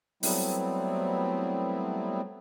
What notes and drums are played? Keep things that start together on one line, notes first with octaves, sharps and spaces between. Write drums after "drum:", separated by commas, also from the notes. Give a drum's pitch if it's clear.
F#3 G3 A3 B3 C4 E4, drum: open hi-hat